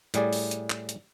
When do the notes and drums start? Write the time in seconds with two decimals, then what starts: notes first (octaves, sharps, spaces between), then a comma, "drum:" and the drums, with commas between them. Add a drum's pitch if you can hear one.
0.14 A2 G3 G#4 D5, drum: hi-hat
0.33 drum: open hi-hat
0.51 drum: hi-hat
0.70 drum: clap
0.89 drum: hi-hat